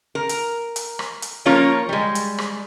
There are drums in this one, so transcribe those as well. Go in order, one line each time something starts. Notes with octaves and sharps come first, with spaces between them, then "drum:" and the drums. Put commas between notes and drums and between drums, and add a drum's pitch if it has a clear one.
A#4
drum: hi-hat
drum: hi-hat
drum: rim click
drum: hi-hat
F3 A#3 C#4 F4 A#4 C#5
G3 G#3
drum: hi-hat
drum: rim click